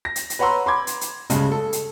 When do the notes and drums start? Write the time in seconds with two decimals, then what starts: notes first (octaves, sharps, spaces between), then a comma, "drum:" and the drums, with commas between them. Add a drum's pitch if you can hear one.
0.05 A#6
0.16 drum: hi-hat
0.30 drum: hi-hat
0.39 B4 C#5 F#5 A#5 C6 E6
0.66 B5 C6 D6 G#6
0.87 drum: hi-hat
1.01 drum: hi-hat
1.30 D2 G2 C#3 G#3, drum: hi-hat
1.52 A4
1.73 drum: hi-hat